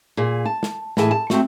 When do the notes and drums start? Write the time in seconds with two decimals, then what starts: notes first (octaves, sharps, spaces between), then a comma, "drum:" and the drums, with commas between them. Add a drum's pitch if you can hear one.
0.17 A#2 G#4
0.45 A5
0.63 drum: snare
0.97 A2 E3 G#4 A5, drum: snare
1.11 A5
1.30 A3 C4 F#4, drum: snare